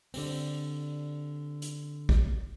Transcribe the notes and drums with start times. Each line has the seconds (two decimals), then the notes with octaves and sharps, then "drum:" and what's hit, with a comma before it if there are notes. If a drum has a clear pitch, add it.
0.14 D3 G3 C4, drum: open hi-hat
1.62 drum: hi-hat
2.09 drum: kick